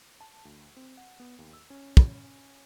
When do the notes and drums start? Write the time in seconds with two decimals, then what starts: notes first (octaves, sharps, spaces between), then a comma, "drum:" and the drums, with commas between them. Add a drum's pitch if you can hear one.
0.21 A5
0.45 D2
0.77 C4
0.97 F#5
1.20 B3
1.39 D#2
1.53 E6
1.70 C#4
1.97 drum: kick